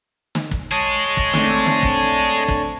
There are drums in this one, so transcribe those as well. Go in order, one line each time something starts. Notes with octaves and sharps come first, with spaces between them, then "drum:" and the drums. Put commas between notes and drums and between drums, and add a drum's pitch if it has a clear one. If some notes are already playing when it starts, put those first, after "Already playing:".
drum: snare
drum: kick
G#4 C#5 D#5 A5
drum: kick
A3 C4 D4, drum: snare
drum: snare
drum: kick
drum: kick